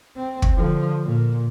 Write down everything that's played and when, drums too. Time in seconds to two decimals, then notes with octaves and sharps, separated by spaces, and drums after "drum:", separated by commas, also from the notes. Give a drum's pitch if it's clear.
0.17 C4
0.42 drum: kick
0.57 D3 F3
1.04 A#2